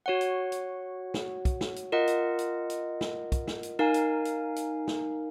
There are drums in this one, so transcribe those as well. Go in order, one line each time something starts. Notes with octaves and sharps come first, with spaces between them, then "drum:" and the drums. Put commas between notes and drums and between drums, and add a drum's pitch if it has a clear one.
F#4 C#5 F#5
drum: hi-hat
drum: hi-hat
drum: snare
drum: kick, hi-hat
drum: snare
drum: hi-hat
F4 A#4 D#5 F#5
drum: hi-hat
drum: hi-hat
drum: hi-hat
drum: snare
drum: kick, hi-hat
drum: snare
drum: hi-hat
D#4 A#4 F5 G#5
drum: hi-hat
drum: hi-hat
drum: hi-hat
drum: snare